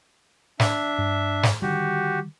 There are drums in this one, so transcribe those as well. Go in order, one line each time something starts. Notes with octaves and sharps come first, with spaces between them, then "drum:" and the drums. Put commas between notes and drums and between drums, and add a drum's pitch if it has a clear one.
D4 E5, drum: snare
G2
drum: snare
D3 D#3 G3 F#4 G4